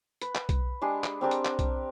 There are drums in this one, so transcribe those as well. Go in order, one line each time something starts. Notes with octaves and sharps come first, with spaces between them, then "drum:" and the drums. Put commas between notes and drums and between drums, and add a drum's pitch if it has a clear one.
B4, drum: hi-hat
drum: clap
drum: kick B1, hi-hat
G#3 D4 G4 G#4
drum: clap
C4 D4 G4 A#4
drum: hi-hat
drum: clap
drum: kick B1, hi-hat